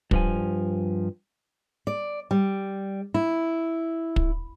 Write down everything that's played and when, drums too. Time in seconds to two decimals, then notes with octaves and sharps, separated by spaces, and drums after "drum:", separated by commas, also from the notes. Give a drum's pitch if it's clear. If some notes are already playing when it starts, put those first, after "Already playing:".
0.11 G2 F3 G#5, drum: kick
1.87 D5
2.31 G3
3.14 E4
4.16 drum: kick